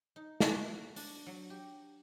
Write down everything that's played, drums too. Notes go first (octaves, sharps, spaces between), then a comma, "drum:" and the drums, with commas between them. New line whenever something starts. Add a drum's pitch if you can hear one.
D#4
drum: snare
F#4
D4, drum: open hi-hat
F#3
G4